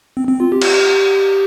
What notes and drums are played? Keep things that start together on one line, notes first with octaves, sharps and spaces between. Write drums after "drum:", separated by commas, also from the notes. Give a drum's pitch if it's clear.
C4
C4
F4
G4
drum: cymbal